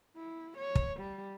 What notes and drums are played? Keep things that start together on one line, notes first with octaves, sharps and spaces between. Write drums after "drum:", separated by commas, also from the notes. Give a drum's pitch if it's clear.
E4
C#5
drum: kick
G3